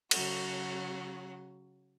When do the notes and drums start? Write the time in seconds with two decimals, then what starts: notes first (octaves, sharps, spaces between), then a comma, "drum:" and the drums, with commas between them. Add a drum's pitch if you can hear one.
0.11 C#3 F#3 F#4, drum: cymbal